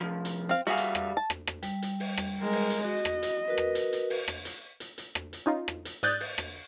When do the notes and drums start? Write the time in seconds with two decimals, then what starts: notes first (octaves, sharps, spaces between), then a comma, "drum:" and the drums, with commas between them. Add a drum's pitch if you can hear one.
0.01 C2 F3
0.25 drum: hi-hat
0.49 C4 F5
0.67 G3 F#4 G#4 E5 F5
0.77 drum: hi-hat
0.95 drum: rim click
1.17 A5
1.30 drum: rim click
1.47 drum: rim click
1.63 G3, drum: hi-hat
1.82 drum: hi-hat
2.00 drum: open hi-hat
2.17 drum: rim click
2.41 G#3 A#4
2.53 drum: open hi-hat
2.70 drum: hi-hat
2.84 F#4 D#5
3.05 drum: rim click
3.23 drum: hi-hat
3.48 F#4 A#4 B4
3.58 drum: rim click
3.75 drum: hi-hat
3.93 drum: hi-hat
4.10 drum: open hi-hat
4.28 drum: rim click
4.45 drum: hi-hat
4.80 drum: hi-hat
4.98 drum: hi-hat
5.15 drum: rim click
5.33 drum: hi-hat
5.46 C#4 D#4 F4
5.68 drum: rim click
5.85 drum: hi-hat
6.03 G#2 D5 D#6 F#6 G6 A6, drum: hi-hat
6.20 drum: open hi-hat
6.38 drum: rim click